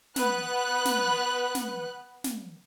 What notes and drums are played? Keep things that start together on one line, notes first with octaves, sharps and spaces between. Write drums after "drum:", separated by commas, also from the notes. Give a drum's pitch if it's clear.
B3 B4 F#6, drum: snare
drum: snare
drum: snare
drum: snare